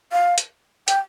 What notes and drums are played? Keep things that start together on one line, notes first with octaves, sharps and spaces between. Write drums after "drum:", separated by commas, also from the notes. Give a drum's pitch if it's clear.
F5
drum: hi-hat
G5, drum: hi-hat